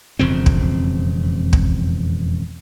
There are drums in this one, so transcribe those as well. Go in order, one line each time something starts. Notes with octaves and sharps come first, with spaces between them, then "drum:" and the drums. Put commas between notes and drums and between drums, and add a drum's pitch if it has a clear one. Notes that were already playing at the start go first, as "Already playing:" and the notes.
E1 F2 C#3 C4
drum: kick
drum: kick